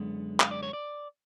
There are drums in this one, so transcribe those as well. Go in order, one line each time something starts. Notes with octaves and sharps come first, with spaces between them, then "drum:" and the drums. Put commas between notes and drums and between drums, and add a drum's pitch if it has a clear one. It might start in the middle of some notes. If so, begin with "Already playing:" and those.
Already playing: F#2 D3 G#3 B3
F5, drum: clap
D5
C#5
D5